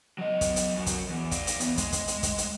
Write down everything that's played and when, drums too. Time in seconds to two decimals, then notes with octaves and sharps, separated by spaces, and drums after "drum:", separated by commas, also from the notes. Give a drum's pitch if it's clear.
0.18 F#3 D#5
0.41 drum: kick, hi-hat
0.56 drum: hi-hat
0.76 F#2 F#3
0.86 drum: kick, hi-hat
1.09 E2
1.31 D5 F5, drum: kick, hi-hat
1.47 drum: hi-hat
1.60 E3 B3, drum: hi-hat
1.77 G#3, drum: kick, hi-hat
1.93 drum: kick, hi-hat
2.08 drum: hi-hat
2.23 drum: kick, hi-hat
2.38 drum: hi-hat